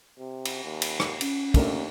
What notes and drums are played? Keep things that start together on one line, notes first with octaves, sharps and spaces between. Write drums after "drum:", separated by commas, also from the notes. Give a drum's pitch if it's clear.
C3
drum: cymbal
D#2
drum: cymbal
drum: rim click
C#4, drum: cymbal
D#2 A3 D4 A#4, drum: kick, cymbal